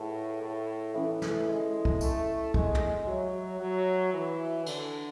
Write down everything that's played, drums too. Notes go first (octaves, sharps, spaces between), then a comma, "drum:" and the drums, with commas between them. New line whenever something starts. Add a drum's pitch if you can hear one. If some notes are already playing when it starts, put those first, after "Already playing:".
Already playing: A2 G#4 B4 F#5 A5
A2
E3 C#4 E4 A4 E5
drum: snare
G#3
drum: kick
A3, drum: tambourine
G#3, drum: kick
drum: tom
F#3 F#4 C#5 E5
F#3
E3
D3, drum: cymbal